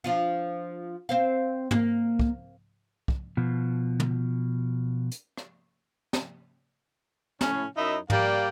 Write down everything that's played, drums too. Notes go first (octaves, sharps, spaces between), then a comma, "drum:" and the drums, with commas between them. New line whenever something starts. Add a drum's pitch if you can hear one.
F3 D4 F4
C4 C5 F5
A#3, drum: tom
drum: kick
drum: kick
B2 F3
drum: tom
drum: hi-hat
drum: rim click
drum: snare
A2 C#4, drum: snare
F#2 D#4 E4 D#5 E5
G3 A#3 D5 F5 G5, drum: tom